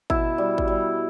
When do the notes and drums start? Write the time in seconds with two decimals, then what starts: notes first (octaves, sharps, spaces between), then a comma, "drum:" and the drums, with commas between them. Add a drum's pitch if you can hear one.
0.10 B2 E4, drum: kick G#1
0.38 G3
0.58 drum: kick G#1
0.68 G3